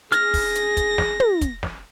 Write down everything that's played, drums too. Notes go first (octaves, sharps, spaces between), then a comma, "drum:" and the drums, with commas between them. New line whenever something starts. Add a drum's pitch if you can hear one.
G#4 F6 A#6, drum: hi-hat
drum: kick, open hi-hat
drum: hi-hat
drum: kick, hi-hat
drum: snare
drum: tom
drum: kick, hi-hat
drum: snare